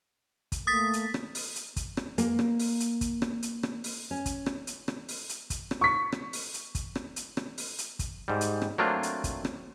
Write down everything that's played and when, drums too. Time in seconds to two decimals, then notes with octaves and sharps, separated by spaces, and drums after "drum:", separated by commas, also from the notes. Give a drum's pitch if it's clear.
0.52 drum: kick, hi-hat
0.67 A3 A#3 D#6 A6 B6
0.93 drum: hi-hat
1.14 drum: rim click
1.35 drum: open hi-hat
1.56 drum: hi-hat
1.76 drum: kick, hi-hat
1.97 drum: rim click
2.18 A#3, drum: hi-hat
2.39 drum: rim click
2.59 drum: open hi-hat
2.80 drum: hi-hat
3.01 drum: kick, hi-hat
3.22 drum: rim click
3.43 drum: hi-hat
3.63 drum: rim click
3.84 drum: open hi-hat
4.11 C#4
4.26 drum: kick, hi-hat
4.46 drum: rim click
4.67 drum: hi-hat
4.88 drum: rim click
5.09 drum: open hi-hat
5.29 drum: hi-hat
5.50 drum: kick, hi-hat
5.71 drum: rim click
5.81 C#6 B6
6.12 drum: rim click
6.33 drum: open hi-hat
6.54 drum: hi-hat
6.75 drum: kick, hi-hat
6.95 drum: rim click
7.16 drum: hi-hat
7.37 drum: rim click
7.58 drum: open hi-hat
7.79 drum: hi-hat
7.99 drum: kick, hi-hat
8.28 G#2 G3
8.41 drum: hi-hat
8.62 drum: rim click
8.78 F#3 A3 A#3 C4 D4 F4
9.03 drum: hi-hat
9.24 drum: kick, hi-hat
9.45 drum: rim click